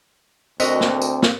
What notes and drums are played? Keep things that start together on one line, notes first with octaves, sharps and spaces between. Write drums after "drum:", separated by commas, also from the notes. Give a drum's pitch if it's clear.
D2 C4 F#4 A#4 D#5 G5, drum: tambourine
drum: snare
drum: tambourine
drum: snare